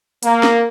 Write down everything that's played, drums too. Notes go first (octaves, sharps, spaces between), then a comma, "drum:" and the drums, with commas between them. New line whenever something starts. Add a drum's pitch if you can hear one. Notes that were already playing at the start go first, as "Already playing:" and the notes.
A#3, drum: hi-hat
drum: snare